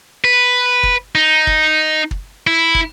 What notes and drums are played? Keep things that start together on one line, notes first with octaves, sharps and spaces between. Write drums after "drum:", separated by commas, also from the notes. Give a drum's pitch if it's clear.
B4
drum: kick
D#4
drum: kick
drum: kick
E4
drum: kick